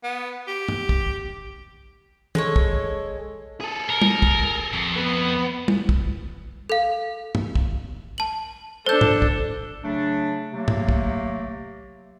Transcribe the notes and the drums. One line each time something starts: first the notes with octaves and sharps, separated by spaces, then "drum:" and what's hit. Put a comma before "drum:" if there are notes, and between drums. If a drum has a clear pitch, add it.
B3
G4
drum: tom
drum: kick
G#3 A4 C#5, drum: tom
drum: kick
G#4 A4
A#4
drum: tom
drum: kick
F2
B3
drum: tom
drum: kick
A4 F5
drum: tom
drum: kick
A5 F#7
D4 A4 C5 G6
drum: tom G#2
drum: kick
C#3 F#3 A3 D4
C3 F#3 A3 A#3
drum: tom G#2
drum: kick